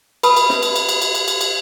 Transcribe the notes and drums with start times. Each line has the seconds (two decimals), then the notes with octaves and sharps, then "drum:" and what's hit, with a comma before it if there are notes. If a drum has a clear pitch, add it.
0.23 B4 A5 B5 D#6, drum: cymbal
0.36 drum: cymbal
0.50 drum: snare
0.63 drum: cymbal
0.76 drum: cymbal
0.89 drum: cymbal
1.02 drum: cymbal
1.15 drum: cymbal
1.28 drum: cymbal
1.41 drum: cymbal